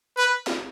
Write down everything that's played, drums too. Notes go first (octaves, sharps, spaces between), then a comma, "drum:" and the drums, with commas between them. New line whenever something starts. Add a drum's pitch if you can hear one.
B4, drum: tambourine
drum: snare